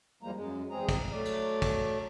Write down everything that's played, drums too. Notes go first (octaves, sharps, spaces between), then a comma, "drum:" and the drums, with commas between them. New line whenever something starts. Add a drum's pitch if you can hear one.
E2 F3 G3 G#3 A#3 A#5
F#2 G#3
E2 G#3 C4 G#4 A#5
drum: kick, cymbal
F#3 A3 D5
drum: cymbal
drum: kick, cymbal